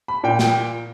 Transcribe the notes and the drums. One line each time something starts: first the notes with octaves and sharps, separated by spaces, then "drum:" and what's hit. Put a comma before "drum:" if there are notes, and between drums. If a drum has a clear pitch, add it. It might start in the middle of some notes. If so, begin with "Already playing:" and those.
B5
A#2 G5
G5, drum: snare